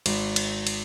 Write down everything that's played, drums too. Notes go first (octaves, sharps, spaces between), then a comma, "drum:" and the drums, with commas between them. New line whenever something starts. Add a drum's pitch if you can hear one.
G#1, drum: cymbal
drum: cymbal
drum: cymbal